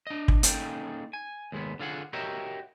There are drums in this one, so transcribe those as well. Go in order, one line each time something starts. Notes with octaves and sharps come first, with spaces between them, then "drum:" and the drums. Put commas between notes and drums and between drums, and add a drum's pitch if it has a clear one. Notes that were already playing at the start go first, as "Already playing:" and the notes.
D4 D#5
drum: kick
A#3 C#4 D#4 G#4 A4 G5, drum: hi-hat
G#5
D#2 G#3 B3
D3 F4 G#4 F#5
F#4 G4 A#4 C#5 D#5 E5